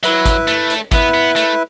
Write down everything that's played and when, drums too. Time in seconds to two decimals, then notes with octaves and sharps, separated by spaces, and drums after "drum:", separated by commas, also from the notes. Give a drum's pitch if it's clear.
0.03 F#3 E4 B4 E5, drum: hi-hat
0.25 drum: kick, hi-hat
0.48 A3, drum: hi-hat
0.70 drum: hi-hat
0.92 B3 E4 B4 E5, drum: kick, hi-hat
1.14 B3
1.36 A3, drum: hi-hat